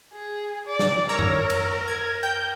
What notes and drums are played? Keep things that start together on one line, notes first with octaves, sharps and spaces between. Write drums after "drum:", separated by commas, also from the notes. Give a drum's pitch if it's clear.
G#4
D5
drum: snare
A#4 C#5 A#5 E6
drum: tom F#2
drum: cymbal
G#6
G5 G6